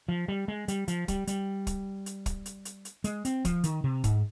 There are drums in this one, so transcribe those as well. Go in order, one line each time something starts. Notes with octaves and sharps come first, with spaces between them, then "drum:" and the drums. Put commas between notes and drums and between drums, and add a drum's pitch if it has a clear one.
F3
G3
G#3
G3, drum: hi-hat
F3, drum: hi-hat
G3, drum: kick, hi-hat
G3, drum: hi-hat
drum: kick, hi-hat
drum: hi-hat
drum: kick, hi-hat
drum: hi-hat
drum: hi-hat
drum: hi-hat
G#3, drum: hi-hat
C4, drum: hi-hat
F3, drum: kick, hi-hat
D#3, drum: hi-hat
C3
G#2, drum: kick, hi-hat